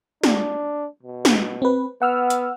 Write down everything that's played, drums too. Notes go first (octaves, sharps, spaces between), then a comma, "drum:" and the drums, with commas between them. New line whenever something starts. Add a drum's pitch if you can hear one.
D4, drum: snare
B2
drum: snare
C4 B4
B3 F#5 E6 F6
drum: hi-hat